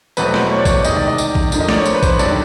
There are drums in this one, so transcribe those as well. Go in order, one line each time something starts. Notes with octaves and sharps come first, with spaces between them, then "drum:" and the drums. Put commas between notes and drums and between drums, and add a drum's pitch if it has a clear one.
E2 B2 F#3 A3 C4 B4, drum: tambourine
C5, drum: snare
C#5
D5
C#5, drum: kick, tambourine
E2 C3 D#3 G#3 D#5, drum: tambourine
D5
D#5
drum: tambourine
drum: kick
D3 F3 A#3, drum: tambourine
D#5
D5, drum: snare
C#5
C5, drum: tambourine
B4
C5, drum: kick, tambourine
C#5
G2 D#3 F#3 A3 C4 D5, drum: tambourine